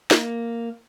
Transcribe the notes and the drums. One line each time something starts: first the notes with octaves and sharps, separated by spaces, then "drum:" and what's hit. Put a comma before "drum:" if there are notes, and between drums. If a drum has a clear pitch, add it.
A#3, drum: snare